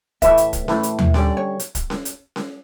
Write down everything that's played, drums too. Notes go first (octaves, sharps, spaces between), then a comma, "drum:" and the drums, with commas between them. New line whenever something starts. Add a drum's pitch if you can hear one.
A2 E3 A3 E4 B4 E5, drum: kick, hi-hat
drum: hi-hat
drum: kick, hi-hat
A2 E3 A3 E4 B4, drum: snare C#4
drum: hi-hat
drum: tom D#2
D3 G3 C#4 D5, drum: snare C#4
C#5
drum: hi-hat
drum: kick, hi-hat
drum: snare C#4
drum: hi-hat
drum: snare C#4